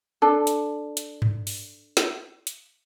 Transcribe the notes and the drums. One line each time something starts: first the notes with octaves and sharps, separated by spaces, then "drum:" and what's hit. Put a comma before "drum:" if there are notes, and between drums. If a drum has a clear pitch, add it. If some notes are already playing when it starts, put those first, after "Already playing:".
D4 A4
drum: hi-hat
drum: hi-hat
drum: tom G2
drum: open hi-hat
drum: snare
drum: hi-hat